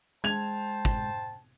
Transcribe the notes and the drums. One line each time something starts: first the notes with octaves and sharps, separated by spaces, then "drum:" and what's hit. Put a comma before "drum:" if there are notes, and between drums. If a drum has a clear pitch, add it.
G#3 C5 G5 A5 G#6 F7
drum: kick